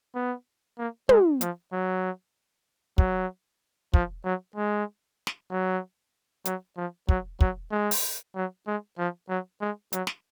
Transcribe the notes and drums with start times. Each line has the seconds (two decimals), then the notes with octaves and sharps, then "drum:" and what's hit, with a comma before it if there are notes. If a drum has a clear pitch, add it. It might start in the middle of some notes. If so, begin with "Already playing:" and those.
0.15 B3
0.78 A#3
1.09 G#3, drum: tom
1.41 F3, drum: hi-hat
1.72 F#3
2.98 F#3, drum: kick
3.94 F3, drum: kick
4.25 F#3
4.56 G#3
5.27 drum: snare
5.51 F#3
6.45 F#3, drum: hi-hat
6.77 F3
7.09 F#3, drum: kick
7.41 F#3, drum: kick
7.71 G#3
7.91 drum: open hi-hat
8.35 F#3
8.67 G#3
8.98 F3
9.29 F#3
9.61 G#3
9.93 F#3, drum: hi-hat
10.07 drum: snare